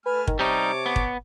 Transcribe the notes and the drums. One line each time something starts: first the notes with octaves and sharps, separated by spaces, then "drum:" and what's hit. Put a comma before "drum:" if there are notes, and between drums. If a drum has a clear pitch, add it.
A3 B4 G#5 F6
D#3, drum: kick
C3 G3 D#4 C#5 A5 D6
B3
drum: kick